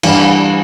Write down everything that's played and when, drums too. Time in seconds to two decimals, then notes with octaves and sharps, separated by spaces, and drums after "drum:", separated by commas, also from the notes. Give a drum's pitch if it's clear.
0.03 G2 E3, drum: cymbal